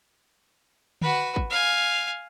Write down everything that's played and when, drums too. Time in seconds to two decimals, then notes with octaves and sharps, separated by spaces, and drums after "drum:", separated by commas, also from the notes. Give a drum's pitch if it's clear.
1.01 F#4 B4, drum: tom D3
1.36 drum: kick
1.50 F5 G#5